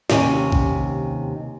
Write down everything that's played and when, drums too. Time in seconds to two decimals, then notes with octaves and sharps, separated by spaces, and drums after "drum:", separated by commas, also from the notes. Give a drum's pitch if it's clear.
0.10 D#2 C3 C#4, drum: snare
0.52 drum: kick